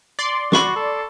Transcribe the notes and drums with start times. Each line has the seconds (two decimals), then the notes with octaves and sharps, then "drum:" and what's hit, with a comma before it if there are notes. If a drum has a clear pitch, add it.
0.19 D5 C6
0.52 F#4 B5 C#6 D6, drum: snare
0.76 A4